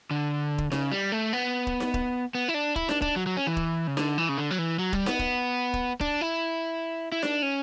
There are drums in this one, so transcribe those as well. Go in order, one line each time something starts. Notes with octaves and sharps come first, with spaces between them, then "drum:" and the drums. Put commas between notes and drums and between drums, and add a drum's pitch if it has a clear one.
D3
drum: kick
C#3, drum: snare D#4
G3
A3
B3
drum: kick
drum: snare D#4
drum: kick
B3
E4
D4
E4, drum: kick
D4, drum: snare D#4
D4, drum: kick
F#3
F#3
C#4
E3
drum: kick
C#3
D3, drum: snare D#4
E3
C#3
D3
F#3
E3
F#3
G3, drum: kick
B3, drum: snare D#4
drum: kick
drum: kick
D4, drum: kick
E4
E4
D4, drum: snare D#4
C#4